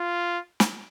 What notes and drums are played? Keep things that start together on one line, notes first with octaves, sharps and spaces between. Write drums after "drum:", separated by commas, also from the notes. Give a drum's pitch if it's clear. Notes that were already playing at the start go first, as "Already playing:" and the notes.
Already playing: F4
drum: snare